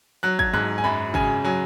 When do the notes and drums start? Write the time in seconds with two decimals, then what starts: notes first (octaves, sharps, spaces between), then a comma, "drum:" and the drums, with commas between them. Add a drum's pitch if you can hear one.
0.23 F#3 F#6
0.39 G#6, drum: kick
0.53 G#2 F#6
0.78 G#5
0.84 F#2 B5
1.14 C#3 G#5, drum: kick
1.44 F#3 G#5